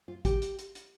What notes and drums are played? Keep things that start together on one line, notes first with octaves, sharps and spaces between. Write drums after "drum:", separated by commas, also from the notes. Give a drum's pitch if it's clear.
F4
G4, drum: kick, hi-hat
drum: hi-hat
drum: hi-hat
drum: hi-hat